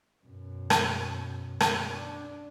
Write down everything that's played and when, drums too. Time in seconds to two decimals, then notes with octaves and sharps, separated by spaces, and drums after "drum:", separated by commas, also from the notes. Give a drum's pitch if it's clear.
0.24 F#2 B2
0.70 drum: rim click
1.60 drum: rim click
1.91 D4